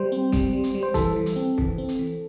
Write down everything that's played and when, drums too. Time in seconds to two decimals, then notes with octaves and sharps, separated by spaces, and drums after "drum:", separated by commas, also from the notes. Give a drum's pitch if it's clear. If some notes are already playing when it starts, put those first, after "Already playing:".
Already playing: G3 C5
0.12 C4
0.32 G3, drum: kick, hi-hat
0.53 G3
0.64 drum: hi-hat
0.75 G3
0.83 C5
0.94 E3 A4, drum: kick, hi-hat
1.16 E3
1.26 drum: hi-hat
1.36 C4
1.58 E3, drum: kick
1.78 C4
1.89 drum: hi-hat
1.99 E3